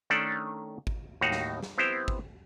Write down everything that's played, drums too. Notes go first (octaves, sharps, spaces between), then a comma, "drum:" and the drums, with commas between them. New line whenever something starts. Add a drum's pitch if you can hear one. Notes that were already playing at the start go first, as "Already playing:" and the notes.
D#3 A3 C#4 D4 A4 D5
drum: kick
D#2 A2 D#4 F#4 F5 F#5
drum: snare
drum: snare
B3 C4 E4 G4 C5
drum: kick